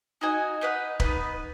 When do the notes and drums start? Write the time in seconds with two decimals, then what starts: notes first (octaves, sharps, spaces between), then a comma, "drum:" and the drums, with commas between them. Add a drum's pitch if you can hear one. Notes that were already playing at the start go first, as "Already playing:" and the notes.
0.21 D#4 F#4 D#5 G#5
0.61 D#4 B4 F#5
1.00 B3 D#4 B4, drum: kick